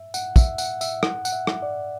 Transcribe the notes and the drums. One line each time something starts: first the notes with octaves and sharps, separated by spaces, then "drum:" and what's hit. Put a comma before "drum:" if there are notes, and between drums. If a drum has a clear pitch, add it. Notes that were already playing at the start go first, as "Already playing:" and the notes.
Already playing: E5
F#5, drum: tambourine
E5, drum: kick, tambourine
F#5, drum: tambourine
E5, drum: tambourine
F#5, drum: rim click
F#5, drum: tambourine
E5
drum: rim click
D5